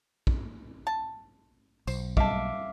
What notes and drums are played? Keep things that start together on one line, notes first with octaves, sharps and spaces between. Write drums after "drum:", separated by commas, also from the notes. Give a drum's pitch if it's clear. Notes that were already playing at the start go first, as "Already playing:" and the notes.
drum: kick
A5
B1 C5, drum: tambourine
G3 E5 F5 A5 D6, drum: kick